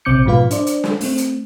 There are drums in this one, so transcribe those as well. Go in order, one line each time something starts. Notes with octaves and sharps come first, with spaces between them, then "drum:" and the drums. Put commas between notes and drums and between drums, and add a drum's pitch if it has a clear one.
A#1 C3 C4 D6 G6 C#7
G#2 B2 F3 F4 B4 F5
D4 C5 D5, drum: hi-hat
drum: hi-hat
drum: snare
A3 C4, drum: open hi-hat
drum: hi-hat